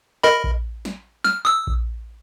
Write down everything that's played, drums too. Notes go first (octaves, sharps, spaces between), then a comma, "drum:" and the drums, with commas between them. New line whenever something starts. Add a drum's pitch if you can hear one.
A#4 D#5 B5
drum: kick A#1
drum: snare
F6, drum: snare
D#6 E6
drum: kick A#1